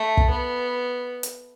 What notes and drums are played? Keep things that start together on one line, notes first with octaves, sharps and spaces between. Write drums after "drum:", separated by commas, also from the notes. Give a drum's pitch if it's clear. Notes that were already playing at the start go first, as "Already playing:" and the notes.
Already playing: A3
drum: kick
B3
drum: hi-hat